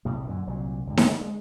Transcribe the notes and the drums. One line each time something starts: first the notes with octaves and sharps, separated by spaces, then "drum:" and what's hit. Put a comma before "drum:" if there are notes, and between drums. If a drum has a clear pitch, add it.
C2 A2 G3
F#2 A#2 D3
C2 A#2 F#3
C#2 G2
drum: snare D#4
D3
G#3